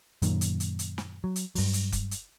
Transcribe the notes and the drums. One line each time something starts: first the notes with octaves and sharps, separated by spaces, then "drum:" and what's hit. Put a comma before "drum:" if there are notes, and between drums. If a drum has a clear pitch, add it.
F#2 A#2 D#3, drum: hi-hat
drum: hi-hat
drum: hi-hat
drum: hi-hat
drum: snare
F#3
drum: hi-hat
G2 F#3, drum: open hi-hat
drum: hi-hat
drum: kick F1, hi-hat
drum: hi-hat